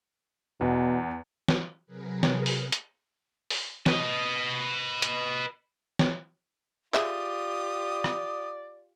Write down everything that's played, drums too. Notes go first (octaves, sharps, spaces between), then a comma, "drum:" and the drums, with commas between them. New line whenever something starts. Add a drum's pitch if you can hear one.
E2 B2
drum: snare
C3 F#3 G#4 A#4 B4
drum: snare
drum: open hi-hat
drum: hi-hat
drum: open hi-hat
B4 D#5, drum: snare
drum: hi-hat
drum: snare
F4 G4 G#4 D5 E5 D#6, drum: clap
drum: rim click